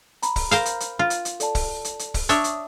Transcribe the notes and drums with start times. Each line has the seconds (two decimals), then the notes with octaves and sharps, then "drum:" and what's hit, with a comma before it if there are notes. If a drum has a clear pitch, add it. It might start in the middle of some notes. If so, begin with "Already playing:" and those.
0.22 A#5 B5, drum: hi-hat
0.36 drum: kick, open hi-hat
0.51 A#4 C5 F5, drum: hi-hat
0.66 drum: hi-hat
0.80 drum: hi-hat
0.99 F4
1.10 drum: hi-hat
1.25 drum: hi-hat
1.40 A4 D5 A5, drum: hi-hat
1.55 drum: kick, open hi-hat
1.84 drum: hi-hat
1.99 drum: hi-hat
2.14 drum: kick, open hi-hat
2.29 D4 C#5 E5 C#6 D#6, drum: hi-hat
2.44 drum: hi-hat